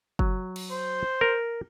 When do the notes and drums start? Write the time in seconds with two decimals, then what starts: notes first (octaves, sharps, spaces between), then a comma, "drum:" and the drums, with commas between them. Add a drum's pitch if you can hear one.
0.19 F#3, drum: kick F#1
0.56 drum: cymbal
0.72 C5
1.21 A#4